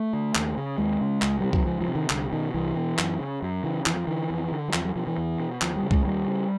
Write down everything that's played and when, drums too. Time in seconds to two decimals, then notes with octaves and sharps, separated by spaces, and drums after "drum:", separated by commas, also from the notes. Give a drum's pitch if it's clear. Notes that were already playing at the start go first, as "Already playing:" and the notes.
Already playing: A3
0.13 D3
0.35 D#2, drum: clap
0.57 C#3
0.78 D#2 G#3
1.01 C#3
1.22 C#2, drum: clap
1.40 C3 G3
1.53 F#3, drum: kick C2
1.66 C#2 F3
1.81 F3
1.88 C3
1.95 D#3
2.10 C2 D3, drum: clap
2.33 B2 D#3
2.54 C2 E3
2.76 B2
2.99 F#2, drum: clap
3.20 C#3
3.42 F#2
3.63 C#3 E3
3.86 F2 E3, drum: clap
3.96 F3
4.07 D3 E3
4.30 F2
4.52 D3
4.68 F#3
4.73 E2 F3, drum: clap
4.85 F#3
4.95 B2 F3
5.07 E3
5.17 E2
5.39 B2
5.62 D#2 F3, drum: clap
5.76 G3
5.83 C#3
5.91 G#3, drum: kick C2
6.05 D#2 G3
6.27 C#3